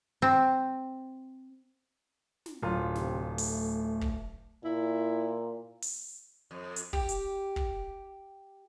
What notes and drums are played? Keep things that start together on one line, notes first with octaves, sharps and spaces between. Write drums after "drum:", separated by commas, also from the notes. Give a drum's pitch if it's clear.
C4
drum: snare
D1 F4
C3, drum: snare
A3, drum: open hi-hat
drum: kick
A#2 E4
drum: open hi-hat
F2
drum: hi-hat
G4, drum: kick
drum: hi-hat
drum: kick